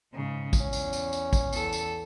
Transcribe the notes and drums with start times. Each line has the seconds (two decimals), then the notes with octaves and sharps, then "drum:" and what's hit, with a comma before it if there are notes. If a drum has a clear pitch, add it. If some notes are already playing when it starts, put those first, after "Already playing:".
0.13 G#2 C#3
0.53 drum: kick, tambourine
0.62 E2 C#4
0.73 drum: tambourine
0.93 drum: tambourine
1.13 drum: tambourine
1.33 drum: kick, tambourine
1.53 E2 A4, drum: tambourine
1.73 drum: tambourine